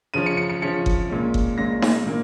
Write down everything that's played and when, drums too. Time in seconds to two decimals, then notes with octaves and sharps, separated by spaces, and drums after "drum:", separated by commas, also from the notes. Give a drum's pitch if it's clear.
0.14 C#3 F3 C#4 D#7
0.26 C#7
0.37 C#7
0.50 C#7
0.62 C#3 F3 C#4 C#7
0.86 drum: kick G1
1.10 A#2 G#3 C#4
1.34 drum: kick G1
1.58 A#2 G#3 C#4 A#6
1.82 drum: snare D#4
2.06 A#2 A#3